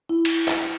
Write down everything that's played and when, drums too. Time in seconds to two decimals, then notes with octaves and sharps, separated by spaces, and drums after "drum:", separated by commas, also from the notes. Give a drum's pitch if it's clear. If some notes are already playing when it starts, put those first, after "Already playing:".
0.09 E4
0.25 drum: cymbal
0.48 drum: clap